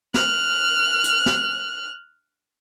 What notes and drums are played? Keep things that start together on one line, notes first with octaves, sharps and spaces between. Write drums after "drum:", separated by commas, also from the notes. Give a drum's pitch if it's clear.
F6 F#6, drum: snare
drum: hi-hat
drum: snare